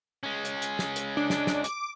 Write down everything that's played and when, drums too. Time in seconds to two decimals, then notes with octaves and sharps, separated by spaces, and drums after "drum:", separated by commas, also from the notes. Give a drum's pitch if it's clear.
0.23 G#3 C#4
0.45 drum: hi-hat
0.62 drum: hi-hat
0.79 drum: snare
0.96 drum: hi-hat
1.17 D4
1.30 drum: snare
1.47 drum: snare
1.64 D6, drum: hi-hat